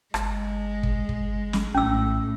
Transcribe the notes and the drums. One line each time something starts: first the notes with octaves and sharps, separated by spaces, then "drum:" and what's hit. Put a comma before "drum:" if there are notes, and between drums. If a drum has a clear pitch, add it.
G1 G#3, drum: rim click
drum: kick
drum: kick
drum: snare
A#1 A2 C#4 E6